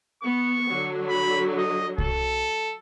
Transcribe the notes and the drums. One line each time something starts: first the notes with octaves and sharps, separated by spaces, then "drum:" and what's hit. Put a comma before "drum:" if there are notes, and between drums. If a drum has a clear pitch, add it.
B3 C#6
D3 F#3
B5
D#5
A4, drum: kick C2